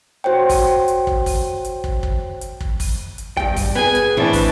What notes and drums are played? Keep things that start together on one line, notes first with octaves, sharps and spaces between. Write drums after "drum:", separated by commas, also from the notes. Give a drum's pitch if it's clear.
F#4 C5 C#5 G5
drum: kick, open hi-hat
drum: hi-hat
drum: kick
drum: kick, open hi-hat
drum: hi-hat
drum: kick
drum: kick
drum: hi-hat
drum: kick
drum: kick, open hi-hat
drum: hi-hat
G2 G5, drum: kick
drum: kick, open hi-hat
B3 G#4 G#5
drum: hi-hat
A2 E3 C4 D4 B4
drum: kick, open hi-hat